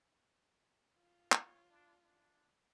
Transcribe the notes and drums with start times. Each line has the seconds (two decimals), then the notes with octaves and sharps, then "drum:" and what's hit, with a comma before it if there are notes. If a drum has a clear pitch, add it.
0.95 F4
1.32 C#5, drum: clap
1.70 D4
2.04 D4